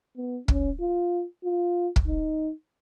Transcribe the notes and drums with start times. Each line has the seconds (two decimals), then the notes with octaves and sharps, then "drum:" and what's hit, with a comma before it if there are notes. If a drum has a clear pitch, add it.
0.17 B3
0.48 C#4, drum: kick
0.80 F4
1.44 F4
1.96 drum: kick
2.07 D#4